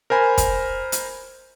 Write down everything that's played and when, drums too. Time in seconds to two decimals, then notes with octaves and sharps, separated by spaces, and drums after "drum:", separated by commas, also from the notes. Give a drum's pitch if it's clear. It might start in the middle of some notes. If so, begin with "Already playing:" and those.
0.10 A#4 C5 G#5 B5
0.38 drum: kick, hi-hat
0.92 drum: hi-hat